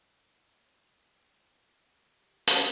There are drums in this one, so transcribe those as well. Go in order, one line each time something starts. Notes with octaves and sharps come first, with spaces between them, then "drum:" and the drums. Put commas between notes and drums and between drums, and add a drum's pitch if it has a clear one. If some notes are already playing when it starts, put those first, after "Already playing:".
Already playing: D2 C#3 E3
A2 F3 A3 D4
E4
F4
G4
drum: hi-hat